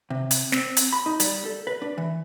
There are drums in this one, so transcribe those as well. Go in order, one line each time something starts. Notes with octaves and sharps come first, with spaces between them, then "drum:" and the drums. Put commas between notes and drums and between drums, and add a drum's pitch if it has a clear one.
C3
drum: hi-hat
C4, drum: snare
drum: hi-hat
B5
D#4
G3, drum: hi-hat
A4
B4
D4
E3